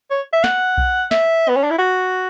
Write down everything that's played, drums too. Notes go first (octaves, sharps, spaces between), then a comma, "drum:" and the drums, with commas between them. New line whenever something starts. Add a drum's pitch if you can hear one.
C#5
E5
F#5, drum: snare
drum: kick B1
E5, drum: snare
B3
C#4
D4
E4
F#4